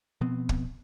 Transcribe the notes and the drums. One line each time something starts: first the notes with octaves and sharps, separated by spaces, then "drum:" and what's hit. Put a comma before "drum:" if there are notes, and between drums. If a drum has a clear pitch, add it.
B2 F3 B3 C4
drum: kick